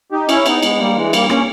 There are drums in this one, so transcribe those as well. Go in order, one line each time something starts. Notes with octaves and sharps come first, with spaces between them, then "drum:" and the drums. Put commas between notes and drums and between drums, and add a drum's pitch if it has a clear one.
D#4 G4
C#4 E4, drum: cymbal
B3 D#4, drum: cymbal
G#3 B3, drum: cymbal
G3 A#3
E3 G#3
G3 A#3, drum: cymbal
A#3 C#4, drum: rim click